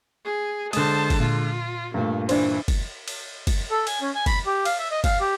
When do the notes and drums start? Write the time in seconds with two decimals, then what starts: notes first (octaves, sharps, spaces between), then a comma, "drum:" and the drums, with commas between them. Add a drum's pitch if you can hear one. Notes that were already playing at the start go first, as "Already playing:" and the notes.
0.25 G#4
0.73 D3 G#3 C5 A5 D#6, drum: cymbal
1.10 drum: kick, cymbal
1.20 A#2 F4
1.94 G2 A#2 A3
2.29 E3 D4 C5, drum: cymbal
2.68 drum: kick, cymbal
3.08 drum: cymbal
3.47 drum: kick, cymbal
3.71 A4
3.87 G#5, drum: cymbal
4.01 C#4
4.15 G#5
4.26 B5, drum: kick, cymbal
4.46 G4
4.65 F5, drum: cymbal
4.79 E5
4.91 D#5
5.04 F5, drum: kick, cymbal
5.21 G4